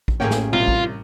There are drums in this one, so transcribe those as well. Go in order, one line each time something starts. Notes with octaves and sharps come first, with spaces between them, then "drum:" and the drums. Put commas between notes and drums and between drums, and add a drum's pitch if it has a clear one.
drum: kick
A1 A2 A#3 C#4 G#4 G5
drum: snare
C2 F4, drum: tom
drum: kick